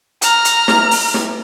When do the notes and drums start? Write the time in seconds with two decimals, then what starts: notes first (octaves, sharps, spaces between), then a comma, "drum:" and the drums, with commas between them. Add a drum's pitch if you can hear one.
0.22 A#5 F6, drum: hi-hat
0.45 drum: hi-hat
0.68 drum: snare
0.91 drum: open hi-hat
1.14 drum: snare